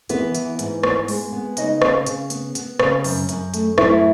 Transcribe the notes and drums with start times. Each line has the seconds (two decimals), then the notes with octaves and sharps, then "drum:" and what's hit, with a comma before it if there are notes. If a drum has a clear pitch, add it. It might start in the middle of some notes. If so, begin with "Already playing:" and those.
0.09 E3 B3 B4, drum: hi-hat
0.35 E3, drum: hi-hat
0.59 G#2, drum: hi-hat
0.83 B3, drum: rim click
1.08 G#3, drum: open hi-hat
1.33 B3
1.57 C#3 D#4 D#5, drum: hi-hat
1.82 C#3, drum: rim click
2.06 C#3, drum: hi-hat
2.30 B3, drum: hi-hat
2.55 B3, drum: hi-hat
2.79 C#3, drum: rim click
3.04 F#2, drum: open hi-hat
3.29 F#2, drum: hi-hat
3.54 A3, drum: hi-hat
3.78 F#2 E4 E5, drum: rim click